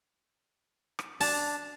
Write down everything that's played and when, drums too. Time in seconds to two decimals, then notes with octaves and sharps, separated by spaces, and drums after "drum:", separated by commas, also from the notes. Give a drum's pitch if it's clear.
0.99 drum: rim click
1.20 D4 A5, drum: open hi-hat